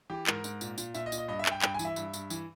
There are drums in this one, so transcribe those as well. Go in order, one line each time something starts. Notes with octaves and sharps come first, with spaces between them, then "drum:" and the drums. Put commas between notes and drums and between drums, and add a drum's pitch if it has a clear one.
E3 G4
G#2 A#4, drum: clap
G#2, drum: tambourine
A#2, drum: tambourine
A#2, drum: tambourine
A#2 E5, drum: tambourine
D#5
A#2, drum: tambourine
D#5
G2 D#5
E5
G2, drum: clap
G5
G2 G5, drum: clap
G#5
E3, drum: tambourine
E5
G2, drum: tambourine
G2, drum: tambourine
E3, drum: tambourine